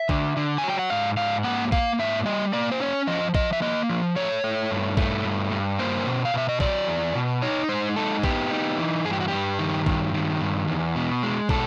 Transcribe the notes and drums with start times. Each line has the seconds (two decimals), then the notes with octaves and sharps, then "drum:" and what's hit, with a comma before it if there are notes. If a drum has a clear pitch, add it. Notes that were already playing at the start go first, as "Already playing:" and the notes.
Already playing: E5
0.09 D3, drum: kick
0.37 D3
0.58 G#5
0.63 F#3
0.70 G5
0.79 F#5
0.90 G#2 F5
1.17 G#2 F5
1.44 A#3 F#5
1.72 A#3 F5, drum: kick
1.99 G#2 E5
2.25 G3 D#5
2.53 A#3 D5
2.72 C5
2.80 C#4 C#5
3.07 F3 D#5
3.35 F3 D#5, drum: kick
3.53 E5
3.62 A#3 D#5
3.90 F3
4.16 A3 C#5
4.44 A3
4.71 G2
4.97 A3, drum: kick
5.25 G2
5.52 G2
5.79 A#3 C5
6.07 B2
6.25 F5
6.34 B2 E5
6.49 D#5
6.60 F#3 D5, drum: kick
6.88 E2
7.15 B2
7.42 D#4 C#5
7.69 G#3 C5
7.96 D#4 A4
8.23 B3 G4, drum: kick
8.51 D#4
8.78 E3
9.05 G2 G#4
9.13 G4
9.20 F#4
9.28 G2 G4
9.59 D#3
9.86 G2, drum: kick
10.13 D#3
10.41 G2
10.68 E2
10.96 B2
11.23 G#3
11.49 B2 A4, drum: kick